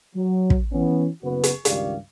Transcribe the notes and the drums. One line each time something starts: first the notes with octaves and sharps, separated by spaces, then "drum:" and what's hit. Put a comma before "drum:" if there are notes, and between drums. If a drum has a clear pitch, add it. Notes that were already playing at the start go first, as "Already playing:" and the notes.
F#3
drum: kick
E3 B3 C#4
F#1 C#3 B3 F#4 B4
drum: hi-hat
C#2 G2 D#3 G4 D5 F5, drum: hi-hat